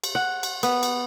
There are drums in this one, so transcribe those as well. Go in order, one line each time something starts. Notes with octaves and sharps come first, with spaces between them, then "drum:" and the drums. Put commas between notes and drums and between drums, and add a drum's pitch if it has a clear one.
drum: cymbal
F#5
drum: cymbal
B3, drum: cymbal
drum: cymbal